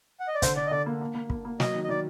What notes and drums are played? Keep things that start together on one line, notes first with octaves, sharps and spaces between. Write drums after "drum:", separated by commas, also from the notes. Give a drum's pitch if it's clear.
F#5
D#5
D5
D3 C5, drum: kick, hi-hat
D3 D5
D#5
D3 D5
A#3
A#3
A#3
A#3, drum: kick
A#3
F#3 D#5, drum: snare
D#3
D#5
D#3 D5